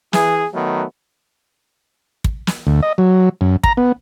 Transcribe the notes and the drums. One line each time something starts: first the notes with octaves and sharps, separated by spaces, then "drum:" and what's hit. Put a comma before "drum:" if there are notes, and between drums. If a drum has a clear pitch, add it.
E3 G#4, drum: snare
D#3 F#3 A3 B3
drum: kick
drum: snare
D2
D#5
F#3
F#2
A#5, drum: kick
B3